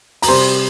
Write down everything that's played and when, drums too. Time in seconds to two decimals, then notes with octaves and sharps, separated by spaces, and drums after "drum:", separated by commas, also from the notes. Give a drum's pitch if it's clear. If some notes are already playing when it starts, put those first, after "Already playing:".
0.22 A#5, drum: open hi-hat
0.28 C3 G3 C5 C6